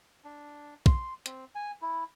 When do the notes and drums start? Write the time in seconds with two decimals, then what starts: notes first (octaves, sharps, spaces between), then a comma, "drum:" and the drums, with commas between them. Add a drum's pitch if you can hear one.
0.24 D4
0.86 C6, drum: kick
1.26 C4, drum: hi-hat
1.55 G#5
1.82 E4